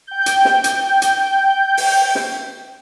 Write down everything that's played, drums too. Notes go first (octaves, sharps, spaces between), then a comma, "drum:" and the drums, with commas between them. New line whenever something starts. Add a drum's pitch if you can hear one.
G5 G6
drum: hi-hat
drum: snare
drum: hi-hat
drum: hi-hat
drum: open hi-hat
drum: snare